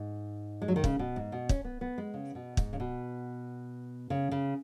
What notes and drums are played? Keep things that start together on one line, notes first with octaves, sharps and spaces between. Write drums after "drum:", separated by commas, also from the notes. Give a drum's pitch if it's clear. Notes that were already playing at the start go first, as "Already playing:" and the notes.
Already playing: G#2
G#3
F#3
D#3
C#3, drum: kick
B2
G#2
B2
C#4, drum: kick
B3
B3
G#3
C#3
B2
G#2, drum: kick
C#3
B2
C#3
C#3